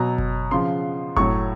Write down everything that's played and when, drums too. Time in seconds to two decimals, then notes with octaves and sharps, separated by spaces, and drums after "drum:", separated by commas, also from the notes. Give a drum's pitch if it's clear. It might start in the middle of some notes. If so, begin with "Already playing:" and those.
Already playing: B2 F#3 A#5
0.18 drum: kick F#1
0.51 C#3 F3 C6
1.17 A2 F#3 C#6, drum: kick F#1